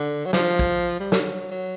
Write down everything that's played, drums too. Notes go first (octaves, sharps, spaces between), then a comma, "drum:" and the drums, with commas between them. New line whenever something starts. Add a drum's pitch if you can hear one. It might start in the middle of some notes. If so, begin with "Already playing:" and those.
Already playing: D3
F#3
F3, drum: snare
drum: kick
G3
F#3, drum: snare
F#3